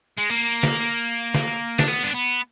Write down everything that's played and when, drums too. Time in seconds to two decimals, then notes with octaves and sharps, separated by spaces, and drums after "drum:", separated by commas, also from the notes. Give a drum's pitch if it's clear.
0.18 G#3
0.30 A#3
0.63 drum: snare
1.34 drum: snare
1.79 D4, drum: snare
1.89 B3
2.04 D4
2.14 B3